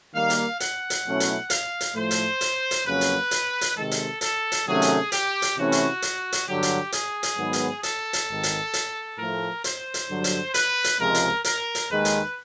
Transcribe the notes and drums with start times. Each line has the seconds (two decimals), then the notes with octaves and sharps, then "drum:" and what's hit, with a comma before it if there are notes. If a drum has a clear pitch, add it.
0.14 D#3 G3 A#3 F5
0.30 drum: hi-hat
0.60 F#5, drum: hi-hat
0.90 drum: hi-hat
1.06 B2 F#3 A3 C#4 E4
1.20 drum: hi-hat
1.50 F5, drum: hi-hat
1.81 drum: hi-hat
1.95 A2 F3 A3 C5
2.11 drum: hi-hat
2.41 drum: hi-hat
2.71 drum: hi-hat
2.86 F2 C#3 F#3 A#3 C#4 B4
3.01 drum: hi-hat
3.31 drum: hi-hat
3.61 drum: hi-hat
3.76 C3 D#3 G#3 A4
3.91 drum: hi-hat
4.21 A4, drum: hi-hat
4.52 drum: hi-hat
4.67 C3 D#3 F#3 A3 C#4 G#4
4.82 drum: hi-hat
5.12 G4, drum: hi-hat
5.42 drum: hi-hat
5.57 C3 E3 A3 C#4 E4 F#4
5.72 drum: hi-hat
6.02 drum: hi-hat
6.32 drum: hi-hat
6.47 G2 D3 F#3 G4
6.63 drum: hi-hat
6.92 G#4, drum: hi-hat
7.23 drum: hi-hat
7.38 G#2 D#3 F#3 B3
7.53 drum: hi-hat
7.83 A4, drum: hi-hat
8.13 drum: hi-hat
8.28 G#1 G#2 D#3
8.43 drum: hi-hat
8.73 drum: hi-hat
9.18 A2 F3 A3 A#4
9.64 C5, drum: hi-hat
9.94 drum: hi-hat
10.09 G2 D3 F#3
10.24 drum: hi-hat
10.54 B4, drum: hi-hat
10.84 drum: hi-hat
10.99 C#2 C3 F3 G#3 A#4
11.15 drum: hi-hat
11.44 A#4, drum: hi-hat
11.75 drum: hi-hat
11.90 D#2 D#3 G#3 B4
12.05 drum: hi-hat